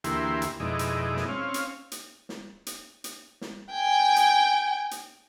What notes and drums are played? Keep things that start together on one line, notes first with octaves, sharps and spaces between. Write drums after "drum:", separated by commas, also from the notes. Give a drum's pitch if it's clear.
D2 E3 A#3 E4 G4 C6, drum: hi-hat
drum: hi-hat
F2 B2 G#3 D#4 E4 D5
drum: hi-hat
drum: snare
C4 C#4 F5
drum: hi-hat
drum: hi-hat
drum: snare
drum: hi-hat
drum: hi-hat
drum: snare
G5 G#5
drum: hi-hat
drum: hi-hat